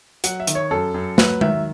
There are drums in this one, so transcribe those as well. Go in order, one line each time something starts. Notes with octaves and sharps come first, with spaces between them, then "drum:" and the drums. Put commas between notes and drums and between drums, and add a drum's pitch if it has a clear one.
F#3 F#5, drum: hi-hat
E5
D#3, drum: hi-hat
C#5
F#2 A4
F#2
F#3 B4, drum: snare
D#3 E5, drum: tom G#3